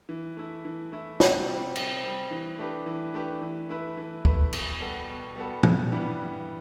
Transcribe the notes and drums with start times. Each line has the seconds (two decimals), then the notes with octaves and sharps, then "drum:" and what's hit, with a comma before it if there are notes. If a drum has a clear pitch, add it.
0.09 E3
0.37 A3 E4
0.65 E3
0.92 A3 E4
1.20 C3, drum: snare
1.48 G3 C4
1.76 C3, drum: cymbal
2.04 G3 C4
2.31 E3
2.58 A3 D4 G4 B4
2.86 E3
3.14 A3 D4 G4 B4
3.42 E3
3.69 A3 E4 B4
3.97 E3
4.25 A3 E4 B4, drum: kick
4.53 B2, drum: cymbal
4.80 G3 B3 F#4 A4
5.08 B2
5.36 G3 B3 F#4 A4
5.63 G2, drum: tom
5.91 E3 G3 B3 D4
6.20 G2